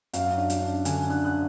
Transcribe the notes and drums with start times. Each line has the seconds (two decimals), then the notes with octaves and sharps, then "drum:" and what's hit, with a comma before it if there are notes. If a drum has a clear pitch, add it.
0.13 F#2 F5, drum: hi-hat
0.38 D4
0.50 drum: hi-hat
0.62 D4
0.85 D3 G#5, drum: hi-hat
1.10 D4 F#6
1.25 F#6